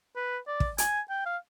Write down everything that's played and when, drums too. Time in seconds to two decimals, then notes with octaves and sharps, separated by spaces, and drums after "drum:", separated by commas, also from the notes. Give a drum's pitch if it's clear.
0.16 B4
0.47 D5
0.60 drum: kick
0.78 G#5, drum: hi-hat
1.10 G5
1.26 F5